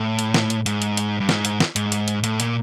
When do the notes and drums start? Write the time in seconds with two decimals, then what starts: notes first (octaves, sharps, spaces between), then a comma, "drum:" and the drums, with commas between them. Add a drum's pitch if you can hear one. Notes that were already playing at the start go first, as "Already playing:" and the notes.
Already playing: A2
0.19 drum: hi-hat
0.34 drum: snare
0.50 drum: hi-hat
0.66 G#2, drum: hi-hat
0.82 drum: hi-hat
0.97 drum: hi-hat
1.20 G2
1.29 G#2, drum: snare
1.45 drum: hi-hat
1.60 drum: snare
1.76 G#2, drum: hi-hat
1.92 drum: hi-hat
2.08 drum: hi-hat
2.24 A2, drum: hi-hat
2.40 A#2, drum: hi-hat